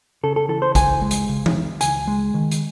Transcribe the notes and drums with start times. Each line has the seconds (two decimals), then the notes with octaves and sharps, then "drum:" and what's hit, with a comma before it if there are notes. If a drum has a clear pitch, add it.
0.23 C#3 A4
0.36 A4
0.49 E3 A4
0.62 C5
0.75 C#2 G#5, drum: kick, hi-hat
1.02 G#3
1.11 drum: hi-hat
1.29 C#3
1.46 drum: tom E3
1.55 E3
1.81 C#2 G#5, drum: hi-hat
2.07 G#3
2.34 D#3
2.51 drum: hi-hat